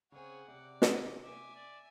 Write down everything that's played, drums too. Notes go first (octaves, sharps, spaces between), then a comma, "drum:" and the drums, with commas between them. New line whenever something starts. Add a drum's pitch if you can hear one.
C#3 C4 G#4 C#5 F#5
C3 D5
G#4, drum: snare
E5 G#5 D6
D5